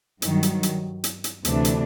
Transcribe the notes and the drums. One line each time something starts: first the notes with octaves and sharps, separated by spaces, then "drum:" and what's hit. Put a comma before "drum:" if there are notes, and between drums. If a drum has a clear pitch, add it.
G2 D#3 F#3, drum: hi-hat
drum: hi-hat
drum: hi-hat
drum: hi-hat
drum: hi-hat
D2 C3 E3 A3 D4, drum: hi-hat
drum: hi-hat